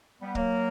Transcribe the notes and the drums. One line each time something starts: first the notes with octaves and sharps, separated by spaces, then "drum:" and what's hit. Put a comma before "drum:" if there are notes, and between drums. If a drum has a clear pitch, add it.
G3 B3
F#3 A#3, drum: kick